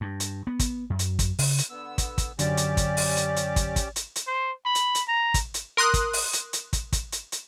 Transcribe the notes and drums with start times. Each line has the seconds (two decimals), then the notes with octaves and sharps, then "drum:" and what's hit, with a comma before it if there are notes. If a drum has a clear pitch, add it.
0.01 G2
0.20 drum: hi-hat
0.47 B3
0.59 drum: kick, hi-hat
0.90 F#2
0.99 drum: hi-hat
1.19 drum: kick, hi-hat
1.39 C#3, drum: open hi-hat
1.58 drum: hi-hat
1.70 D3 B3 E6
1.98 drum: kick, hi-hat
2.18 drum: kick, hi-hat
2.39 F#2 D3 C#4 G4 D5 D6, drum: hi-hat
2.57 drum: hi-hat
2.77 drum: kick, hi-hat
2.97 drum: open hi-hat
3.17 drum: hi-hat
3.36 drum: hi-hat
3.56 drum: kick, hi-hat
3.76 drum: kick, hi-hat
3.96 drum: hi-hat
4.16 drum: hi-hat
4.27 C5
4.66 B5
4.75 drum: hi-hat
4.95 drum: hi-hat
5.08 A#5
5.34 drum: kick, hi-hat
5.54 drum: hi-hat
5.77 A#4 C6 D#6 F#6
5.94 drum: kick, hi-hat
6.13 drum: open hi-hat
6.33 drum: hi-hat
6.53 drum: hi-hat
6.73 drum: kick, hi-hat
6.92 drum: kick, hi-hat
7.12 drum: hi-hat
7.32 drum: hi-hat